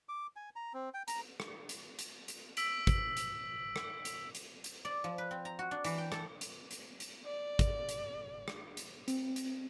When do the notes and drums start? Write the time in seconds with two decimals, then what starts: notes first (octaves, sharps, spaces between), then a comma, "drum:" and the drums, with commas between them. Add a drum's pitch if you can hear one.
0.09 D6
0.36 G#5
0.56 A#5
0.74 C4
0.94 G5
1.08 A#5, drum: hi-hat
1.40 drum: rim click
1.69 drum: hi-hat
1.99 drum: hi-hat
2.28 drum: hi-hat
2.57 E6 B6 D7 F#7, drum: hi-hat
2.87 drum: kick, hi-hat
3.17 drum: hi-hat
3.76 drum: rim click
4.05 drum: hi-hat
4.35 drum: hi-hat
4.64 drum: hi-hat
4.85 D5
5.04 F3
5.18 B4
5.31 C4
5.45 A#5
5.59 F#4
5.71 D4
5.84 E3, drum: hi-hat
5.98 G5
6.12 A4, drum: rim click
6.41 drum: hi-hat
6.71 drum: hi-hat
7.00 drum: hi-hat
7.25 D5
7.59 drum: kick, hi-hat
7.89 drum: hi-hat
8.48 drum: rim click
8.77 drum: hi-hat
9.08 C4, drum: hi-hat
9.36 drum: hi-hat